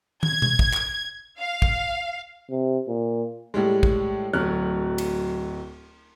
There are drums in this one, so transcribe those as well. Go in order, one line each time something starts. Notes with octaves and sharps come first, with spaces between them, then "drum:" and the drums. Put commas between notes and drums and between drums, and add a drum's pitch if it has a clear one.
G#6, drum: tom
drum: tom B2
drum: kick
drum: clap
F5
drum: kick
C3
A#2
A2 G3 G#3
drum: kick
D1 F#3 A3 F6 F#6
drum: cymbal